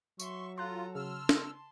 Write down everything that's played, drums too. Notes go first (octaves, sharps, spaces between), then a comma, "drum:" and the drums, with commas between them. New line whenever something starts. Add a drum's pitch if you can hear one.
F#3 E5 C6 C#6, drum: tambourine
F4 A4 A#5 C6 F#6
C#3 A5 C6 E6 F6
drum: snare